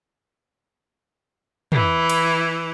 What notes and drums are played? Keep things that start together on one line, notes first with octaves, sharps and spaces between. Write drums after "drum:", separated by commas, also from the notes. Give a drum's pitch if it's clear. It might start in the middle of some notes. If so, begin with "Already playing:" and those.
E3 E4, drum: tom
drum: cymbal